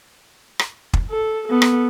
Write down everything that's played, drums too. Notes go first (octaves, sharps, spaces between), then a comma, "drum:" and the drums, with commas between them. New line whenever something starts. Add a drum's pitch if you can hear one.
drum: rim click
drum: kick
A4
B3 A4
drum: rim click